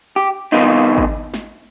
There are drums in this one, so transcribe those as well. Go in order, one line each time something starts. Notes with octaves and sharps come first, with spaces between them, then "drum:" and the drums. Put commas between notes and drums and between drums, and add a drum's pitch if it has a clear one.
G4
C3 D#3 G3 B3 D#4 F4
drum: kick G#1
drum: snare